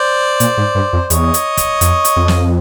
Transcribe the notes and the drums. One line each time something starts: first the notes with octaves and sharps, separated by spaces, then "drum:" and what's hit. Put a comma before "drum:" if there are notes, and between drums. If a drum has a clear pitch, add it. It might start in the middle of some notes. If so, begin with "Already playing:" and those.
Already playing: C5 D5
A#2, drum: hi-hat
G#2
G2
F2
E2 C#5 D#5, drum: hi-hat
drum: hi-hat
drum: kick, hi-hat
F2, drum: hi-hat
drum: hi-hat
F2
drum: snare